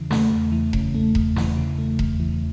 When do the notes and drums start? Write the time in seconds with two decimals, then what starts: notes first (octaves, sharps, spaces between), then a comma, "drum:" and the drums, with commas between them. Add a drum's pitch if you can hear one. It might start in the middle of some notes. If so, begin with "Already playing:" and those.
Already playing: E2 C#3 E3
0.11 A3, drum: snare
0.31 E2
0.52 E3
0.73 C#3, drum: kick E1
0.95 A3
1.15 E2, drum: kick E1
1.36 E3, drum: snare
1.57 C#3
1.78 A3
1.99 E2, drum: kick E1
2.20 E3